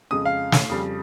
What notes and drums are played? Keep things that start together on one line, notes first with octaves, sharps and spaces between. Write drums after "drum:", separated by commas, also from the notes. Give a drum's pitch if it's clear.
F2 C#3 G#3 D#6
F5
drum: snare
F2 C#3 G3